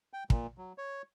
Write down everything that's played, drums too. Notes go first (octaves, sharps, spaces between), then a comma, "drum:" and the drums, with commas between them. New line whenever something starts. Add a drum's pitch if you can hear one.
G5
A#2, drum: kick
F#3
C#5